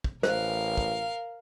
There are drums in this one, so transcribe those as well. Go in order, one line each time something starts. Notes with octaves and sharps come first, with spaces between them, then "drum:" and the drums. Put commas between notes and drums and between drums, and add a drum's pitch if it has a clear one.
drum: kick
A1 A#4 C5 F5, drum: snare
drum: kick